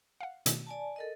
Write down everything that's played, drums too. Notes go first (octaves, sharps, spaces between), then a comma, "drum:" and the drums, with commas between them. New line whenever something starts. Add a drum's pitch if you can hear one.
F5 F#5
B2 D#3 A3, drum: hi-hat
D5 G#5 A5
A4 A#4 D#5